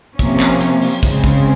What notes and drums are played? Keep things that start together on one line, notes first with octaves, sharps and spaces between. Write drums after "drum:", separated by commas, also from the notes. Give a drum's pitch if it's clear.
C3 F3 A#3 C#4, drum: kick, hi-hat
drum: clap
drum: hi-hat
drum: open hi-hat
C#3 G#3 C4, drum: kick, open hi-hat
drum: kick